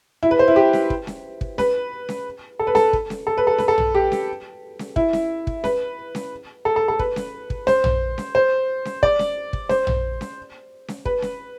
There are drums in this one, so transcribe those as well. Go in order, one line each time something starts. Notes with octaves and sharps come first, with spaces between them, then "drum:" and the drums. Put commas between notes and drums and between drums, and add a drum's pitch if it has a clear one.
E4
B4
C5
E4
G4
drum: snare C#4
drum: kick
drum: snare C#4
drum: kick
B4, drum: snare C#4
drum: snare C#4
A4
B4
A4, drum: snare C#4
drum: kick
drum: snare C#4
A4
B4
A4
B4, drum: snare C#4
A4
drum: tom A#1
G4
drum: snare C#4
drum: snare C#4
E4, drum: kick
drum: snare C#4
drum: kick
B4, drum: snare C#4
drum: snare C#4
A4
A4
A4
B4, drum: kick
drum: snare C#4
drum: kick
C5, drum: snare C#4
drum: tom A#1
drum: snare C#4
C5
drum: snare C#4
D5, drum: kick
drum: snare C#4
drum: kick
C5, drum: snare C#4
drum: tom A#1
drum: snare C#4
drum: snare C#4
B4, drum: kick
drum: snare C#4